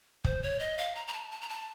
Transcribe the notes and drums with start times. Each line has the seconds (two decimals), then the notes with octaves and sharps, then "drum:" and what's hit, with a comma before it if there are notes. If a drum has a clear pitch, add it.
0.24 C5, drum: kick
0.42 C#5
0.59 D#5
0.78 F5
0.95 A#5
1.07 A#5
1.13 A5
1.31 A5
1.41 A#5
1.49 A5